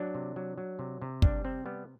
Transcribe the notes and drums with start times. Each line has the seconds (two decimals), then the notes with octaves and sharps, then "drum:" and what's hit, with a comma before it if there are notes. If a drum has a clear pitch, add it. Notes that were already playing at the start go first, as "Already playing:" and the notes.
Already playing: F#3 D4
0.15 C3
0.36 F#3
0.58 F#3
0.79 C3
1.02 C3
1.22 G3 D4, drum: kick
1.44 C3 C4
1.66 G3 B3